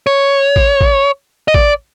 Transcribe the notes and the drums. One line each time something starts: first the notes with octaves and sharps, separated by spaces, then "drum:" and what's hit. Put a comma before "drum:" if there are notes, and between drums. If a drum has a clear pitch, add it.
C#5
drum: kick
drum: kick
D#5
D5, drum: kick